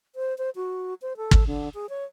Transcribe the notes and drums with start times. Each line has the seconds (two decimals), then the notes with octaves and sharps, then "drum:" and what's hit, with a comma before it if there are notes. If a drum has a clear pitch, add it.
0.15 C5
0.38 C5
0.56 F#4
1.02 C5
1.17 A4
1.31 drum: kick
1.47 D3
1.74 G#4
1.89 C#5